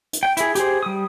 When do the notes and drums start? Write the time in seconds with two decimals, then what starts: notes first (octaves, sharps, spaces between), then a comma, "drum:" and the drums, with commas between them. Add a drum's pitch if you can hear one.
0.13 drum: hi-hat
0.23 G5
0.37 E4 G#4, drum: hi-hat
0.55 G4 G#4 C5, drum: hi-hat
0.83 G3 D#6